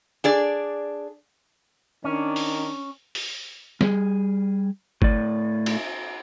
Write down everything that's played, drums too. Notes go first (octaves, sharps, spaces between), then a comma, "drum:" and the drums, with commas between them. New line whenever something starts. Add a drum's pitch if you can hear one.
D4 G#4 D5
D#3 C#4 D4
drum: open hi-hat
drum: open hi-hat
G3 G#4, drum: snare
A2 D5, drum: kick
drum: cymbal